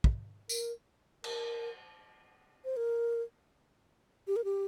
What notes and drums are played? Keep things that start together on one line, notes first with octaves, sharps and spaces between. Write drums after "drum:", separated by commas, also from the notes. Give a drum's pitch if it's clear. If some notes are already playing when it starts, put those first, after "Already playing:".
drum: kick
A#4, drum: tambourine
A#4, drum: cymbal
C5
A#4
G4
A#4
G4